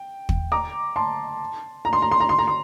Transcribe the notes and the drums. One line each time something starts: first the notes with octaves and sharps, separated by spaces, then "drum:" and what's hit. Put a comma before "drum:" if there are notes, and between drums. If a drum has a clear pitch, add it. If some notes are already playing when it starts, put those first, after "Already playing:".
Already playing: G5
drum: kick
A#5 D6
A5 C6
A#5
C6
A#5
C6
A#5
C6
A#5
C6